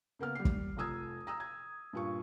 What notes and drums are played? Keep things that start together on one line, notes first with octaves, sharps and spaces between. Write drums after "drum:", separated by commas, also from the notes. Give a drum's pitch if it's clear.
C#3 A#3 B3 F6
G3 C7
drum: kick
F1 F3 A#5 D#6 E6 G#6
A#5 D#6 E6
G#6
G2 A#2 C#6